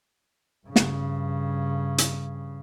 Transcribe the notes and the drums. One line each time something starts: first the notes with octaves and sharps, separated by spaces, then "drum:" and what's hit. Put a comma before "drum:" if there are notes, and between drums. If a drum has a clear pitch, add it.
G2 C#3
drum: snare
drum: hi-hat